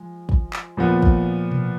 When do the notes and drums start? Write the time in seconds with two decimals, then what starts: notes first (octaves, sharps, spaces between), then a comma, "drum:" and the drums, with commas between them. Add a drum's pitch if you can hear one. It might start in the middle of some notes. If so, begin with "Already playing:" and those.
Already playing: F3 G#3
0.29 drum: kick
0.53 drum: clap
0.77 A#2 F3 B3
1.02 drum: kick
1.51 drum: tom B2